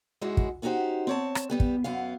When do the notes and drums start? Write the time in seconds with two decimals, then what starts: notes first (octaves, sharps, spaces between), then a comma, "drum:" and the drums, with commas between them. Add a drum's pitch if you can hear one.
0.21 G#2 G#3 C#4 E4 F#4
0.37 drum: kick
0.62 B3 C#4 D#4 F#4 G4 C5
1.07 C4 C#5 A5
1.35 drum: rim click
1.50 G3 B3 G4
1.60 drum: kick
1.84 F#2 B3 F5